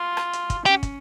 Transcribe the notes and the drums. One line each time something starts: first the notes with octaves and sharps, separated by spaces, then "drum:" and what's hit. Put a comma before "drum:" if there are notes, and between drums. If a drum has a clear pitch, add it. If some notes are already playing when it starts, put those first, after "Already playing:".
Already playing: F4
drum: rim click
drum: hi-hat
drum: kick, hi-hat
C#4 G4, drum: hi-hat
drum: kick, hi-hat